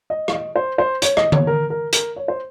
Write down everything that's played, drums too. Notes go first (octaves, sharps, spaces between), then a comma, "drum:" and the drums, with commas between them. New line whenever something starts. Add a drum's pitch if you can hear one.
D#5
F5, drum: rim click
D#5
C5
C5
C#5, drum: hi-hat
D#5, drum: rim click
C#5, drum: tom D3
A#4
A#4
A#4, drum: hi-hat
C#5
C5